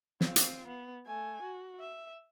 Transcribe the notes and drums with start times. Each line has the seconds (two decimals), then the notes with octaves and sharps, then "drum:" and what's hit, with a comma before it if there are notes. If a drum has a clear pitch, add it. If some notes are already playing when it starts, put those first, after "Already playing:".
0.21 C4 F4, drum: snare
0.36 drum: hi-hat
0.67 B3
1.06 A3 G#5
1.42 F#4
1.80 E5